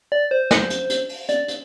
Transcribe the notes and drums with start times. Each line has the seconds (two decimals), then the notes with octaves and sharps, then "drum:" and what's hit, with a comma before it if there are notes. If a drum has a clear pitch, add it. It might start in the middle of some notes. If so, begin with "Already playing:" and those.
0.12 D5
0.31 C5
0.51 drum: snare
0.70 drum: hi-hat
0.90 drum: hi-hat
1.09 drum: open hi-hat
1.29 D5, drum: hi-hat
1.48 drum: hi-hat